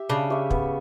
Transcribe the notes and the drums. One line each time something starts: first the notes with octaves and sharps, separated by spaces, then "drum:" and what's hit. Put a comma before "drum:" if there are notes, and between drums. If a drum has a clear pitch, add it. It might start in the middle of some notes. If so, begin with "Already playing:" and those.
Already playing: G4 E5
C#3 D4
G4 C#5 E5
B3, drum: kick